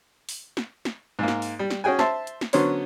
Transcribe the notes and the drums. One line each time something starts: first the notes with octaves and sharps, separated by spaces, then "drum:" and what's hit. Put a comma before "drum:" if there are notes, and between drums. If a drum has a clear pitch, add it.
drum: open hi-hat
drum: snare
drum: snare
G#2 A#3
drum: snare
drum: open hi-hat
G3
drum: snare
C#4 F#4 G#4 G5 G#5
C5 E5 A5, drum: snare
drum: hi-hat
drum: snare
D3 F#3 B3 C#4 C5 C#5, drum: open hi-hat